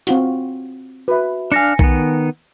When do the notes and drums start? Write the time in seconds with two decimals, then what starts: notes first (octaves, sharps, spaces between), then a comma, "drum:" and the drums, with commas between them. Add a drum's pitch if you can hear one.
0.07 C4 F4 F#4, drum: hi-hat
1.08 F#4 B4 E5
1.52 D4 F5 G#5 A#6 C#7
1.79 D#3 B3, drum: kick B1